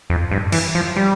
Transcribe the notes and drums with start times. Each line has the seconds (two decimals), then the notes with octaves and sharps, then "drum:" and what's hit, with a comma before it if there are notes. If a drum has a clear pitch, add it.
0.10 F2
0.31 G2
0.52 E3, drum: cymbal
0.75 F3
0.96 G3